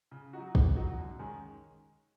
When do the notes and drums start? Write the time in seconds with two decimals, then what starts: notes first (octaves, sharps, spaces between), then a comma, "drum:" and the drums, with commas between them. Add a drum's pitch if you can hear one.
0.11 C#3
0.33 F#3 D#4 F#4
0.55 C#3, drum: kick
0.76 F#3 D#4 F#4
0.98 F#2
1.19 D#3 G#3 C#4